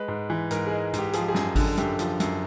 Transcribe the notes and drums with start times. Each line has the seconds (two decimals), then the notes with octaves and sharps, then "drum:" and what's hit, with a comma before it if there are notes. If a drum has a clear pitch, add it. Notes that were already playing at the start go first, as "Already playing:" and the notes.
Already playing: G#3 B4
0.08 G#2
0.30 E3
0.51 G#2 A#4, drum: hi-hat
0.67 G#3 G#4
0.93 G#2 G4, drum: hi-hat
1.13 F3 G#4, drum: hi-hat
1.21 G4
1.28 G#4
1.34 F#2, drum: snare
1.55 D3, drum: kick G#1, open hi-hat
1.77 F#2 G4, drum: hi-hat
1.99 F3, drum: hi-hat
2.20 F#2, drum: hi-hat